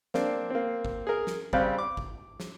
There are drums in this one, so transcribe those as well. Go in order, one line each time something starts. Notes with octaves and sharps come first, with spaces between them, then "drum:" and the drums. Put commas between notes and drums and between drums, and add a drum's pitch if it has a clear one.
A#3 C4 D4, drum: snare
A#3 C4
drum: kick G1
G#4 A#4
drum: snare
C#3 G3 C4 C5 F5 F#6, drum: kick G1
D6
drum: kick G1
drum: snare